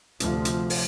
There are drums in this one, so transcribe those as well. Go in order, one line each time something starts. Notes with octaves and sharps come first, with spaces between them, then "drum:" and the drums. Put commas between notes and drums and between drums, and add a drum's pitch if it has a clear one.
D2 C3 F3, drum: hi-hat
drum: hi-hat
drum: open hi-hat